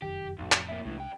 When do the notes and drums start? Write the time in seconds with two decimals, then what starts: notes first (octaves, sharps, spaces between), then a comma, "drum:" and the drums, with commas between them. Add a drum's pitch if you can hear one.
0.02 F1 F#2 D#3 G4
0.38 F1 B1 F2 A2
0.52 drum: clap
0.69 A#3 E4
0.85 C2 A2 E3 G#3 D4
0.98 F#2 G5